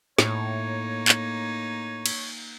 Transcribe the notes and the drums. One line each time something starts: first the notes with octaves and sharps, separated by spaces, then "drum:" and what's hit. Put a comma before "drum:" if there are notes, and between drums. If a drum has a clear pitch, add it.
A2 A#3 D#4 C#5, drum: snare
drum: clap
drum: cymbal